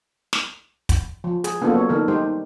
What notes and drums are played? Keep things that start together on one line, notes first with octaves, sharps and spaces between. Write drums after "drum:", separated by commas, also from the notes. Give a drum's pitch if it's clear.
drum: snare
drum: kick, hi-hat
F3
G#4, drum: hi-hat
A#3 B3 C#4 D4 F4 A4
F#3 C#5
D#3 D4 A4 A#4
G3 D#4 G4 C5